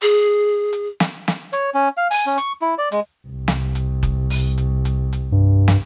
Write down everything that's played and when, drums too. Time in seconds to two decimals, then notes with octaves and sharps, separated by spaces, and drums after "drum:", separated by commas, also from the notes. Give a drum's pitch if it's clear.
0.02 G#4
0.73 drum: hi-hat
1.00 drum: snare
1.28 drum: snare
1.53 C#5, drum: hi-hat
1.74 C#4
1.97 F5
2.11 G#5, drum: open hi-hat
2.26 C#4
2.38 C#6, drum: hi-hat
2.62 E4
2.78 D5
2.92 G#3, drum: hi-hat
3.27 C2
3.48 drum: snare
3.75 drum: hi-hat
4.03 drum: kick F#1, hi-hat
4.30 drum: open hi-hat
4.58 drum: hi-hat
4.85 drum: hi-hat
5.13 drum: hi-hat
5.32 G2
5.68 drum: snare